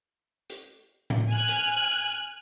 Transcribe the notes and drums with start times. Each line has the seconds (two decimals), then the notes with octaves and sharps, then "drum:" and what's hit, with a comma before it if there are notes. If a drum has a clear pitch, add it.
0.50 drum: hi-hat
1.10 drum: tom A2
1.30 G#5 F6 F#6
1.48 drum: hi-hat